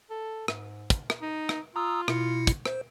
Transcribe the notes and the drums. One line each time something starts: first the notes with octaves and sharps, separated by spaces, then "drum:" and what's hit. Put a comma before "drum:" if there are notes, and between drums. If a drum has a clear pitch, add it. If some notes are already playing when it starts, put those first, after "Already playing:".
A4
G#2, drum: rim click
drum: kick, hi-hat
drum: rim click
D#4
drum: rim click
F4 A#5 D#6 E6
B2 E4 C#7, drum: rim click
drum: kick, hi-hat
C5, drum: rim click